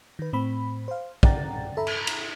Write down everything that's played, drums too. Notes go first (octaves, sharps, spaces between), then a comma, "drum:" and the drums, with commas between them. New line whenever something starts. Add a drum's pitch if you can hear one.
D#3 B4
A2 C4 B5
C5 F5
D5 F#5 G5 A#5 A6, drum: kick
A4 E5 A#5 B5
drum: cymbal
drum: cymbal